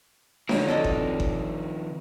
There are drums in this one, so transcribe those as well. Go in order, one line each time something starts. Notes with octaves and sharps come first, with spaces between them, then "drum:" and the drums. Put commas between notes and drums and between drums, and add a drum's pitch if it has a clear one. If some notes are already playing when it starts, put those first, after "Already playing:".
D3 D#3 F3 F#3, drum: snare D4
C4 D4 A4 D#5
drum: kick G1
drum: kick G1